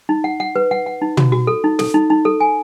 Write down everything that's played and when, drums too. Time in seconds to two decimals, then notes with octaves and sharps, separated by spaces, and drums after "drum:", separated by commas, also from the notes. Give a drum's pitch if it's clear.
0.09 D#4
0.24 F#5
0.40 F#5
0.56 B4
0.71 F#5
0.86 F#5
1.02 D#4
1.17 F#4, drum: tom
1.32 F#4
1.47 A4
1.64 D#4
1.79 A4, drum: snare
1.94 D#4
2.10 D#4
2.25 A4
2.40 G#5